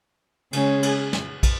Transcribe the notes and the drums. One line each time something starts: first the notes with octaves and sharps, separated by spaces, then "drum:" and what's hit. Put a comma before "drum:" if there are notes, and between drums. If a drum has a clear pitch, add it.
C#3 G#3 C#4 G#4, drum: cymbal
drum: cymbal
drum: snare
drum: kick, cymbal